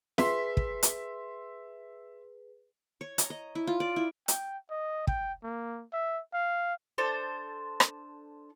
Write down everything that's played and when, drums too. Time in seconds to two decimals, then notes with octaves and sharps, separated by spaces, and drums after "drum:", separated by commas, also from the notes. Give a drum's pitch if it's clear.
0.18 G#4 B4 E5 C6 B6, drum: snare
0.57 drum: kick
0.83 drum: hi-hat
3.01 C#5
3.18 A#5, drum: hi-hat
3.30 D#5
3.55 E4
3.67 F4
3.80 D5
3.96 E4
4.28 G5, drum: hi-hat
4.70 D#5
5.07 G5, drum: kick
5.43 A#3
5.93 E5
6.34 F5
6.98 D4 A4 C5
7.80 drum: rim click